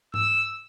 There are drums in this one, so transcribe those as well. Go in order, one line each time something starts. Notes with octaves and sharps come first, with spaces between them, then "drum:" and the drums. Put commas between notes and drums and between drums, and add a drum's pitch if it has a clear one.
E6, drum: tom G#2